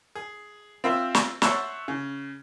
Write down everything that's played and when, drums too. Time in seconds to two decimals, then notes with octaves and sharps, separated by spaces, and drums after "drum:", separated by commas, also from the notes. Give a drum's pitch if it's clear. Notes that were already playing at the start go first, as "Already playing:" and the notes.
0.15 G#4
0.84 C4 F4 C5 E5
1.15 drum: snare
1.42 C5 C#5 E5 F#5 A5, drum: snare
1.88 C#3